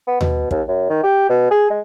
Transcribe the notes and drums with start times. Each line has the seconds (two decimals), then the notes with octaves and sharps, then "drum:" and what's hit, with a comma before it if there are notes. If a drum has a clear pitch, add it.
0.07 B3
0.21 B2, drum: tom D#2
0.51 D#2, drum: kick
0.68 F#2
0.90 D#3
1.03 G4
1.30 B2
1.51 G#4
1.70 G#3